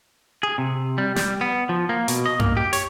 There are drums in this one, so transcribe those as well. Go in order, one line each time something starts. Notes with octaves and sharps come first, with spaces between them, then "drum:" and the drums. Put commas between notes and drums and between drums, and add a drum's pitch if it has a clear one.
G#4
C3
G3
G3, drum: snare
B3
F3
A#3
B2, drum: hi-hat
D#5
A#3, drum: tom F#2
G4
C#5, drum: hi-hat